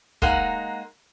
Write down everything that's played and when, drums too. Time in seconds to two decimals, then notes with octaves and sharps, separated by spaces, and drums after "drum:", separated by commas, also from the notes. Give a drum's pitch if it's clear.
0.22 G#3 A#3 D#4 F#5, drum: kick